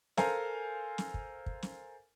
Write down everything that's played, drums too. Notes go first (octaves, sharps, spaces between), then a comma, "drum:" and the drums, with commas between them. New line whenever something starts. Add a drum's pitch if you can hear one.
A4 A#4 C5 F5 G#5, drum: snare
drum: snare
drum: kick
drum: kick
drum: snare